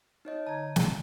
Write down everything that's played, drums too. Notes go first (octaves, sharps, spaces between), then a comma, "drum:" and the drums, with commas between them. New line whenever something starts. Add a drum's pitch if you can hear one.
D#4 C#5 D#5
D3 A5 A#5 G#6
drum: snare